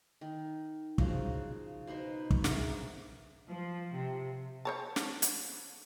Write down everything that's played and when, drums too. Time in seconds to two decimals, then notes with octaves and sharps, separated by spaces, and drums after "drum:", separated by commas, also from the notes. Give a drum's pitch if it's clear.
0.21 D#3
0.98 C#3 F3 D#4 F#4, drum: kick
1.87 B2 B3 D#4 C5
2.30 drum: kick
2.44 G#4 A#4 E5 F5, drum: snare
3.48 F3
3.95 C3
4.65 C5 C#5 A5
4.96 drum: snare
5.22 drum: hi-hat